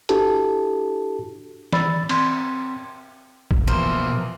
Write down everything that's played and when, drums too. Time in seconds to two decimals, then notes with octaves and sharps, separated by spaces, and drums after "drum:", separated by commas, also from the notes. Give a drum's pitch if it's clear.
0.09 D4 E4 F#4 G4 A4 A5, drum: hi-hat
1.73 E3 D5 B5 E6 A6, drum: snare
2.09 C4 C6 G#6, drum: cymbal
3.51 drum: kick A1
3.67 B2 E3 F3 A#3 A#4 C5